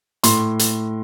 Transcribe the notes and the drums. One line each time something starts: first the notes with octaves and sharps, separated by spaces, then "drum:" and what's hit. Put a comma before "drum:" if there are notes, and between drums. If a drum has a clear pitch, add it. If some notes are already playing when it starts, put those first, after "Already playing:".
A2 C6, drum: hi-hat
drum: hi-hat